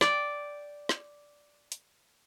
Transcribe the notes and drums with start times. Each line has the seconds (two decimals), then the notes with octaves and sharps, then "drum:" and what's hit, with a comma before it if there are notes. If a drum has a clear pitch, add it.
0.01 D5 G5, drum: snare
0.89 drum: snare
1.72 drum: hi-hat